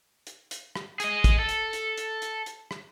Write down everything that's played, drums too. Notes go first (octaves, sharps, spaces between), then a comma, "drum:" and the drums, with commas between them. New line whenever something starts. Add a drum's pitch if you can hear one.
drum: hi-hat
drum: hi-hat
drum: rim click
G#4 D#5, drum: hi-hat
drum: kick, hi-hat
A4
drum: hi-hat
drum: hi-hat
drum: hi-hat
drum: hi-hat
drum: hi-hat
drum: rim click